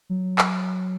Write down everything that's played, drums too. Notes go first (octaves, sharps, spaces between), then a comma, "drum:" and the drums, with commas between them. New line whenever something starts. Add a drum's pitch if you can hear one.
F#3
drum: clap